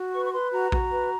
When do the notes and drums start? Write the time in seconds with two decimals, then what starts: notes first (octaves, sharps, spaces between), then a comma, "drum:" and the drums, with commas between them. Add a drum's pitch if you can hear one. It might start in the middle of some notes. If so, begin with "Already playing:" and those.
Already playing: F#4
0.12 B4 C#6
0.25 C#6
0.31 B4 C6
0.52 F#4 A#5
0.72 F#4, drum: kick A#1
0.92 B4